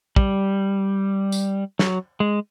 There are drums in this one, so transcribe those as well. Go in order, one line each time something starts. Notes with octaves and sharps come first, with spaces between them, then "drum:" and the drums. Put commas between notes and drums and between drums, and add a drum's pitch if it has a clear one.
G3, drum: kick
drum: tambourine
F#3, drum: snare
G#3